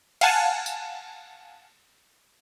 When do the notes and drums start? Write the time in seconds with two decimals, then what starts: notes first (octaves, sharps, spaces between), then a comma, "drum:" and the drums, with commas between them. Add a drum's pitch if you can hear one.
0.21 F5 F#5 G#5 A5, drum: cymbal
0.66 drum: tambourine